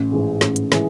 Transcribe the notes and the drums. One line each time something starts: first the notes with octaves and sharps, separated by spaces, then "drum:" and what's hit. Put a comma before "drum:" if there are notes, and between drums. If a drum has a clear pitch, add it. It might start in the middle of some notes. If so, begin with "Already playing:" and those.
Already playing: A1
G#2 E3 G#3
A1, drum: snare
drum: hi-hat
E3 G#3, drum: snare